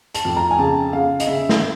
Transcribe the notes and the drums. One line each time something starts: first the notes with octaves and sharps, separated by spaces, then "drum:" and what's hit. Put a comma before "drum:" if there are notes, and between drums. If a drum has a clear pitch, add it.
A5, drum: hi-hat
F2
A#5
G#5
C#3 A5
C#3 F5
D#5, drum: hi-hat
C#3 E5
drum: snare